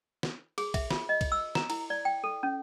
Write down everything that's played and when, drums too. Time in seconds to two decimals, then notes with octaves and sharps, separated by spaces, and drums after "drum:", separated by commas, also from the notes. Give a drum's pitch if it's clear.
0.23 drum: snare
0.58 G#4, drum: cymbal
0.74 E5, drum: kick B1, cymbal
0.91 F4, drum: snare
1.09 D#5
1.21 drum: kick B1, cymbal
1.32 E6
1.55 A#5, drum: snare
1.70 E4, drum: cymbal
1.90 D5
2.05 G5
2.24 A4
2.43 C#4